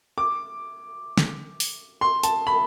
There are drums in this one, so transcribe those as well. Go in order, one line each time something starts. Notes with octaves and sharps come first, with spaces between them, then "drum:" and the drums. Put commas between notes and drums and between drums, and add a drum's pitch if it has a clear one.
D6
drum: snare
drum: open hi-hat
C6
A5, drum: hi-hat
B5